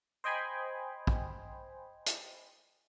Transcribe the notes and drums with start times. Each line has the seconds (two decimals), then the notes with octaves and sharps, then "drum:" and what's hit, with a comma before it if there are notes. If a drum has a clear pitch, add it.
0.24 C5 D#5 G5 G#5 B5 C6
1.07 drum: kick
2.06 drum: hi-hat